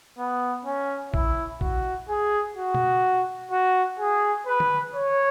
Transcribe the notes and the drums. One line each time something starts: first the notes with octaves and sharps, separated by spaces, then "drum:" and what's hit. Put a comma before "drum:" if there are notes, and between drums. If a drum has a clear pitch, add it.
B3
C#4
E4, drum: kick
F#4, drum: kick
G#4
F#4
drum: tom B2
F#4
G#4
B4
drum: tom
C#5